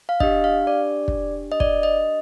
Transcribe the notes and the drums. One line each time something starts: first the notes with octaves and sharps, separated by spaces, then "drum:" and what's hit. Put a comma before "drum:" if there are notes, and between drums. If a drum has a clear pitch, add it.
F5
D4 G4 D#5, drum: kick
F5
D5
drum: kick
D#5
D5, drum: kick
D#5